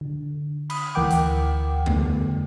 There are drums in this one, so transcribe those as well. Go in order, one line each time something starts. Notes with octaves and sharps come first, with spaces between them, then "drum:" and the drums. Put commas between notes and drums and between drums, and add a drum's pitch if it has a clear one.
D3
B5 D#6, drum: cymbal
D2 E3 A#4 F#5 G5 D6
drum: hi-hat
D3 A3 B3, drum: tom E2